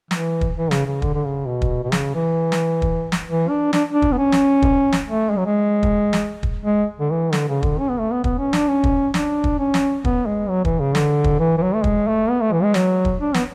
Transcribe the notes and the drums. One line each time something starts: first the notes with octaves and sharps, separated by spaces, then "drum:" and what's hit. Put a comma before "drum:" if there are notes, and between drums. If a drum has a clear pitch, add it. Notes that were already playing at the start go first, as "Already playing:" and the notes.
E3, drum: snare
drum: kick
E3
C#3, drum: snare
C#3
D3, drum: kick
D3
C#3
B2
drum: kick
B2
C#3, drum: snare
E3
drum: snare
drum: kick
drum: snare
E3
D4
D4, drum: snare
D4
drum: kick
B3
C#4
drum: snare
drum: kick
drum: snare
A3
G#3
F#3
G#3
drum: kick
drum: snare
drum: kick
G#3
D3
E3
D3, drum: snare
C#3
D3, drum: kick
C#4
B3
A3
B3
B3, drum: kick
C#4
D4, drum: snare
C#4
drum: kick
D4, drum: snare
drum: kick
C#4
drum: snare
B3, drum: kick
G#3
F#3
E3, drum: kick
C#3
D3, drum: snare
drum: kick
E3
E3
F#3
A3
G#3, drum: kick
A3
B3
A3
E3
G#3
F#3, drum: snare
drum: kick
D4
B3, drum: snare